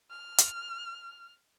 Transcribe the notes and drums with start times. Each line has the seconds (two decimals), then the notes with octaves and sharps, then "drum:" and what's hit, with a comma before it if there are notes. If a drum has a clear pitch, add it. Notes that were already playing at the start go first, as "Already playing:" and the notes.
0.11 F6
0.38 drum: hi-hat